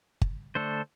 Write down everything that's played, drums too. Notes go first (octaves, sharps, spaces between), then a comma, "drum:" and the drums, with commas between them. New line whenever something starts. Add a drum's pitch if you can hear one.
drum: kick G1
D3 A3 D4 A4 C5